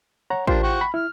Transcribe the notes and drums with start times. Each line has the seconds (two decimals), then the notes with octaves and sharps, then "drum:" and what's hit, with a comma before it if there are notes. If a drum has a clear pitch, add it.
0.30 C#5 F#5 A#5
0.47 A#3 D4 F4 G4 C5, drum: kick A1
0.63 F#5 G5 C#6
0.81 B5
0.94 E4 F6